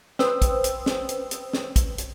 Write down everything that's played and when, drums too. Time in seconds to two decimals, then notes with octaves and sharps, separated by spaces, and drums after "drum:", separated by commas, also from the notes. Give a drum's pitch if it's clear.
0.19 B4 C5 G5 D#6 E6, drum: snare
0.42 drum: kick, hi-hat
0.64 drum: hi-hat
0.86 drum: snare
1.09 drum: hi-hat
1.31 drum: hi-hat
1.53 drum: snare
1.76 drum: kick, hi-hat
1.98 drum: hi-hat